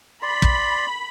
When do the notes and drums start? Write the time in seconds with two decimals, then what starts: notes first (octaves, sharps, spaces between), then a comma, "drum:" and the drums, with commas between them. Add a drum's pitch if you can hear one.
0.22 D5 B5 C6
0.42 drum: kick